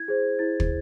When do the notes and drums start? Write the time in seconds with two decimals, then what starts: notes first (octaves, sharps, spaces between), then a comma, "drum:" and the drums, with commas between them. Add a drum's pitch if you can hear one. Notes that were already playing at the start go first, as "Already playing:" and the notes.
Already playing: E4 G#6
0.08 G#4 C5
0.39 E4 A6
0.60 drum: kick